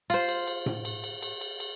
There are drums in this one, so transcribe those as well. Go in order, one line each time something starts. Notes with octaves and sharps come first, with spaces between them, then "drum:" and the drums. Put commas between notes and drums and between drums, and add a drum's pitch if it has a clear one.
F4 C5, drum: cymbal
drum: cymbal
drum: cymbal
drum: tom A2
drum: cymbal
drum: cymbal
drum: cymbal
drum: cymbal
drum: cymbal